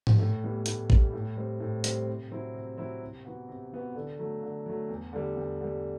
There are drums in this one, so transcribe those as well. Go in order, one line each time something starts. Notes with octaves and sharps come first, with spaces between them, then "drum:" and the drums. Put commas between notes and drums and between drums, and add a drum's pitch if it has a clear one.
drum: tom G#2
A2
E3 G3 B3
A2, drum: hi-hat
E3 G3 B3, drum: kick A1
A2
G3 C4
A2
G3 C4, drum: hi-hat
C3
F#3 C4 E4
C3
F#3 C4 E4
C3
E3 B3 F#4
C3
E3 B3 F#4
D3
F#3 A3
D3
F#3 A3
E2
D3 G3
E2
D3 G3